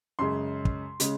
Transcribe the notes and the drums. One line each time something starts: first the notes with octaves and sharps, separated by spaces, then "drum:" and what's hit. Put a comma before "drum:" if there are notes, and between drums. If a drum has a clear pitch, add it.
F#2 C#3 G#3 C6
drum: kick
C#3 G#3, drum: hi-hat